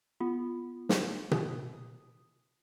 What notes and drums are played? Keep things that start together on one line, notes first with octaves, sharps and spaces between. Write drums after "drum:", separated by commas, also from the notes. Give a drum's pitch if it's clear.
B3 F4
drum: snare
D#6, drum: tom B2